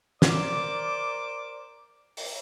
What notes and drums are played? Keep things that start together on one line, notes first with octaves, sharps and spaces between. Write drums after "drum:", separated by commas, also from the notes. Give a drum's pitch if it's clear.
A#4 C5 D5 D6, drum: snare
drum: open hi-hat